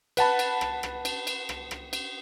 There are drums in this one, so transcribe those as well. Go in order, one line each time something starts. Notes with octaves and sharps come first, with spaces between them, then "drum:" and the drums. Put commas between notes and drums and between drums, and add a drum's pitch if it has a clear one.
B4 F#5 A5 B5, drum: cymbal
drum: cymbal
drum: rim click
drum: rim click
drum: cymbal
drum: cymbal
drum: rim click
drum: rim click
drum: cymbal